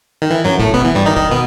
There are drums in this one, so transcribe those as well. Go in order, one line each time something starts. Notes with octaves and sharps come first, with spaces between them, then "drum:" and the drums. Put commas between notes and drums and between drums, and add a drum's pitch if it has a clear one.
D#3
E3
F#2 F#3
A2 A3, drum: kick
B2 B3, drum: kick
E3
G2 G3
D#3 D#4
D#3 D#4, drum: kick
B2 B3